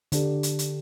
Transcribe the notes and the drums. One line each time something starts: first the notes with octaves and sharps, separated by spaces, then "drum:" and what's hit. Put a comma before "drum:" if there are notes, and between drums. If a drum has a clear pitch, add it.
D3 D4 G4, drum: hi-hat
drum: hi-hat
drum: hi-hat